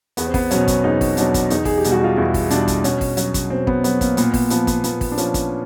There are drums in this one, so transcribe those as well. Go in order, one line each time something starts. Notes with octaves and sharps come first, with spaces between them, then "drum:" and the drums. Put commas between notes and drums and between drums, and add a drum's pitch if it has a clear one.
E2 B3, drum: hi-hat
C4
B3, drum: kick, open hi-hat
B2 F#3 C#4, drum: hi-hat
drum: kick, hi-hat
E2 D#4
drum: kick, open hi-hat
B2 F#3 D4, drum: hi-hat
drum: kick, hi-hat
E2 D#4, drum: hi-hat
G#4, drum: kick, open hi-hat
G4
B2 G3, drum: hi-hat
F#4
F4
E2 E4
drum: kick, open hi-hat
B2 G3 D4, drum: hi-hat
drum: kick, hi-hat
B2 C#4, drum: hi-hat
drum: kick, open hi-hat
F#3 C#4, drum: hi-hat
drum: kick, hi-hat
B2 C4
B3, drum: kick
F#3 B3, drum: hi-hat
A#3, drum: kick, hi-hat
A#2 B3, drum: hi-hat
B3, drum: kick, open hi-hat
F3 B3, drum: hi-hat
B3, drum: kick, hi-hat
A#2 B3, drum: hi-hat
drum: kick, open hi-hat
D4
F3 C#4, drum: hi-hat
drum: kick, hi-hat